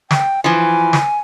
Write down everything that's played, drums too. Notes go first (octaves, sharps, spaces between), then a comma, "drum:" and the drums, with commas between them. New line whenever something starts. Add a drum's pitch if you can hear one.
G5, drum: snare
E3 F3 G#5
drum: snare